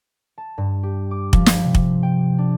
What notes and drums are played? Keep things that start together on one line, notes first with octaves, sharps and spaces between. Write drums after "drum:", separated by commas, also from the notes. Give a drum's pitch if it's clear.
A5
G2
G4
D6
F3, drum: kick
drum: snare
C3
drum: kick
G5
D4